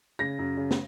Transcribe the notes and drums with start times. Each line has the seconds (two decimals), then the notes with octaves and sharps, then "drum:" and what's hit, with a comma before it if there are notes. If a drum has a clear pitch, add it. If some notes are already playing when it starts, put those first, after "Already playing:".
0.19 C#3 A#6
0.39 F#2
0.57 C#3
0.71 drum: snare